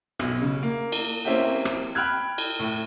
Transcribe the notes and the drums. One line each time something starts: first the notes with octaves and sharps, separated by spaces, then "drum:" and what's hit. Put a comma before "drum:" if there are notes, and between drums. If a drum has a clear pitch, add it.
B1, drum: rim click
C#3
A#3
drum: cymbal
A#3 C4 C#4 E4 G4
drum: rim click
G5 B5 F6 F#6 G#6
drum: cymbal
A2